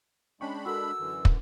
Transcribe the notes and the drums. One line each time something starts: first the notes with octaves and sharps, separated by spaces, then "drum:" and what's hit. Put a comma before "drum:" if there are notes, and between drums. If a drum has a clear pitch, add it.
G#3 C#4 D4 G5 B5 C#6
F#4 A4 A#4 E6
F#2 D3 E3
drum: kick